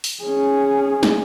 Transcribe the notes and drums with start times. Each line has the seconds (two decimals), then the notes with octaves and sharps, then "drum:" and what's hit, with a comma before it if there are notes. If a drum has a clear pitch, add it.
0.04 drum: open hi-hat
0.23 C#4 G#4
1.03 drum: snare